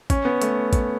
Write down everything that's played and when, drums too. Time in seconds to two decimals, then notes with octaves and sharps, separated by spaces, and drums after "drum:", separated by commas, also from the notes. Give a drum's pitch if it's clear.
0.10 C#4, drum: kick A1, hi-hat
0.25 B3
0.42 A3, drum: hi-hat
0.73 drum: kick A1, hi-hat